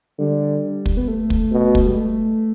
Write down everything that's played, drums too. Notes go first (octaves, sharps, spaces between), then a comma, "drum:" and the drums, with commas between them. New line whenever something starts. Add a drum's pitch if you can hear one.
D3 G3
drum: kick
B3
A3
drum: kick
B2
drum: kick
G3
A3